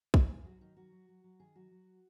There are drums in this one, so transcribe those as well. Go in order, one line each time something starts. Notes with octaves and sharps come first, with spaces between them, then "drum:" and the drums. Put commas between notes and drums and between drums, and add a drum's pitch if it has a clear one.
F#3 D#4, drum: kick
G#2 G#4
F#3 F#4
D#3 D#4
F#3 F#4
F#3
F#3
F#3
D#3 G#4
F#3 F#4
F#3